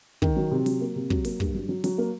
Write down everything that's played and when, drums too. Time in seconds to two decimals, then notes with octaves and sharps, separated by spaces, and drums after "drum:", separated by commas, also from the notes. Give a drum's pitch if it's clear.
0.22 D#3, drum: kick
0.36 F#3
0.51 C3
0.66 F#3, drum: open hi-hat
0.81 A#3
0.95 C3
1.10 F#3, drum: kick
1.25 A#3, drum: open hi-hat
1.40 G2, drum: kick
1.54 F#3
1.69 F#3
1.84 F#3, drum: open hi-hat
1.98 A#3